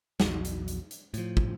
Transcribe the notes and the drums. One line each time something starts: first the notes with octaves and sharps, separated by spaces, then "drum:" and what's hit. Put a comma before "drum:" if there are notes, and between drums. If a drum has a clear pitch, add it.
A#1 E2 F#3, drum: snare
drum: hi-hat
drum: hi-hat
drum: hi-hat
A2 F3, drum: hi-hat
drum: kick